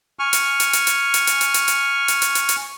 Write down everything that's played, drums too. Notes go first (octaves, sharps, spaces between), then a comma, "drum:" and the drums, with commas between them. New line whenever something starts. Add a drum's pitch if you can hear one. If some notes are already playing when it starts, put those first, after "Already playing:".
G#5 C#6 F6
drum: hi-hat
drum: hi-hat
drum: hi-hat
drum: hi-hat
drum: hi-hat
drum: hi-hat
drum: hi-hat
drum: hi-hat
drum: hi-hat
drum: hi-hat
drum: hi-hat
drum: hi-hat
drum: hi-hat